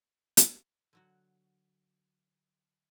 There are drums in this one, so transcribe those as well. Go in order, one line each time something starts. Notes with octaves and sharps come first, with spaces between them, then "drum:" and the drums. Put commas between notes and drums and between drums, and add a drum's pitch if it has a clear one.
drum: hi-hat
D3 F#3 F#4